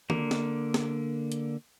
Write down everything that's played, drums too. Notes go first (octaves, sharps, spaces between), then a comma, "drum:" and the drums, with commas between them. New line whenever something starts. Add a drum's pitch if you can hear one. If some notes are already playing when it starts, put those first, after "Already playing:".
D3 A#3, drum: tom D#3
drum: snare
drum: snare
drum: hi-hat